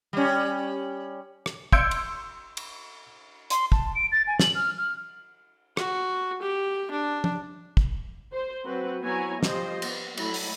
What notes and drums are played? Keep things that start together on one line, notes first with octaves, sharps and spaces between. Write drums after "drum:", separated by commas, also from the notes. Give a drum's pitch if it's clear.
G3 C#4
drum: rim click
C6 E6 G6 G#6 C#7 D7, drum: kick
drum: cymbal
drum: cymbal
C6, drum: hi-hat
A5, drum: kick
D7
A6
G#5
F#7, drum: snare
F6
F6
F#4, drum: rim click
G4
D4
drum: tom
drum: kick
C5
F#3 C4 F#4 B4
F#3 B3 E4 C#5 G#5 A#5
F3 G3 G4 C5 D#5, drum: snare
B3, drum: cymbal
F#3 A3 E4 B5, drum: cymbal
drum: open hi-hat